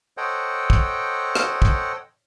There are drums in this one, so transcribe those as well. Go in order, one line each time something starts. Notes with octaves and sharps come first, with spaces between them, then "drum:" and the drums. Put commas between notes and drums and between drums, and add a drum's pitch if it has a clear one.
A4 C5 C#5 D#5 F#5 G5
drum: kick
drum: rim click
drum: kick